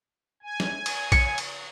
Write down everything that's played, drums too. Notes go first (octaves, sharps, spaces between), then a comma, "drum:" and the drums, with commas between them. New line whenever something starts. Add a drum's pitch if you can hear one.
G#5
drum: snare
drum: cymbal
C#7, drum: kick A#1, cymbal
drum: cymbal